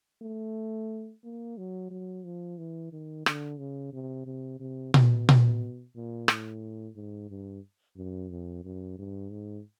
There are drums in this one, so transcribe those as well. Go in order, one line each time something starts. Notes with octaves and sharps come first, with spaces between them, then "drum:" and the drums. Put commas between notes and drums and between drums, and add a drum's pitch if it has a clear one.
A3
A#3
F#3
F#3
F3
E3
D#3
D3, drum: rim click
C#3
C3
C3
C3
B2, drum: tom A#2
drum: tom A#2
A#2
A2, drum: rim click
G#2
G2
F#2
F2
F#2
G2
G#2